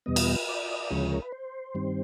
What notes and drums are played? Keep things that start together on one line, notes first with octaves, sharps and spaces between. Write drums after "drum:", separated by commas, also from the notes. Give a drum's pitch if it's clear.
E2 B2 G3 B3 D#5
drum: cymbal
D5
D#5
D5
D2 C#3 F3 G#3 C#5
A#4
B4
C5
G2 D#3 G3 C4